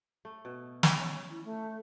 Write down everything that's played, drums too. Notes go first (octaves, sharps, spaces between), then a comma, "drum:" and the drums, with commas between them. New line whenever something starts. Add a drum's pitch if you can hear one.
A3
B2
drum: snare
C#4
E4
A3